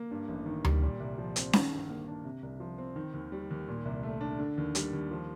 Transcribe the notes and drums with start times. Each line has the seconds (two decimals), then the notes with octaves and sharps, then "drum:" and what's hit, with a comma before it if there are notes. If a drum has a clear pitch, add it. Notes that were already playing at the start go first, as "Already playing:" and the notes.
Already playing: A#3
0.11 G2
0.28 A1
0.46 D#3
0.64 G3, drum: tom D2
0.82 A#2
1.00 C2
1.18 F3
1.36 C4, drum: hi-hat
1.53 D#3, drum: snare C#4
1.72 G2
1.89 A#3
2.08 D4
2.25 C3
2.42 C2
2.60 F3
2.78 C4
2.96 D#3
3.14 D#2
3.32 G3
3.50 D#2
3.68 A#2
3.85 C2
4.03 A3
4.21 D4
4.39 D3
4.58 D#2
4.75 G3, drum: hi-hat
4.93 D#2
5.11 F3